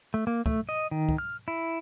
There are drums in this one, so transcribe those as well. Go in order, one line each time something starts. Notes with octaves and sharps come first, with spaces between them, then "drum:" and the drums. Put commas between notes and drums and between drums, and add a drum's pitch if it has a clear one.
A3
A#3
A3, drum: kick
D#5
D#3
drum: kick
F6
E4